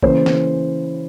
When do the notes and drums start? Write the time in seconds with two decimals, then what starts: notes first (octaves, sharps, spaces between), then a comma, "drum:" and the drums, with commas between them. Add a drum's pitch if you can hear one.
0.03 C#3 E3 A#3 C5, drum: kick
0.26 drum: snare